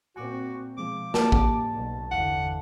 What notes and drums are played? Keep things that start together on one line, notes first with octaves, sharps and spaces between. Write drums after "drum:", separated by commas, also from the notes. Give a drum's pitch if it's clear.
A#2 C4 F#4 G#5 C#6 D6
B2 F3 G#3 D6
A#3 G4 D5 A5, drum: snare
drum: kick
B1 B2
G1 E2 D3 E3 F5 F#5